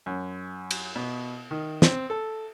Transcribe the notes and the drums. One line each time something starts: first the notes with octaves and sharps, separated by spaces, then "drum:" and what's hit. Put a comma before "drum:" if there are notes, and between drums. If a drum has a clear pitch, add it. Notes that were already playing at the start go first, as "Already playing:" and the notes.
F#2
drum: cymbal
B2
D#3
C4, drum: snare
A4